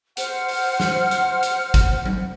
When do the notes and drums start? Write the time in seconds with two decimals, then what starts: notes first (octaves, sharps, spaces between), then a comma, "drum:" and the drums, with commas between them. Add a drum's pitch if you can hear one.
0.17 C5 F#5 F6, drum: hi-hat
0.48 drum: open hi-hat
0.80 drum: snare
1.11 drum: hi-hat
1.43 drum: hi-hat
1.74 drum: kick, hi-hat
2.06 drum: tom F#3